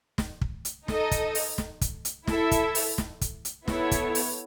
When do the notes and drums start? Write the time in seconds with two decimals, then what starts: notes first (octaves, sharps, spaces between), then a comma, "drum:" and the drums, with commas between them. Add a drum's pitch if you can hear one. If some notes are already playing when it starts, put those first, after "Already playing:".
0.18 drum: snare
0.41 drum: kick
0.65 drum: hi-hat
0.88 D#4 A4 D#5, drum: snare
1.11 drum: kick, hi-hat
1.35 drum: open hi-hat
1.58 drum: snare
1.81 drum: kick, hi-hat
2.05 drum: hi-hat
2.27 E4 A4 E5, drum: snare
2.51 drum: kick, hi-hat
2.75 drum: open hi-hat
2.98 drum: snare
3.21 drum: kick, hi-hat
3.45 drum: hi-hat
3.68 B3 E4 A4 C#5, drum: snare
3.91 drum: kick, hi-hat
4.15 drum: open hi-hat